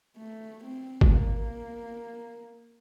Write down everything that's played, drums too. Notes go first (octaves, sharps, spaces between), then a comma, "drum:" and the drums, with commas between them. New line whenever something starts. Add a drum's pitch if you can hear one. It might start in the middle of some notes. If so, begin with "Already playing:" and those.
A3
C4
drum: kick G#1
A#3